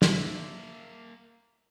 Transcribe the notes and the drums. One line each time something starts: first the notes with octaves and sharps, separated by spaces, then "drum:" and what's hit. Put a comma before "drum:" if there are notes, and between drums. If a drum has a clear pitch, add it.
A#3 E5, drum: snare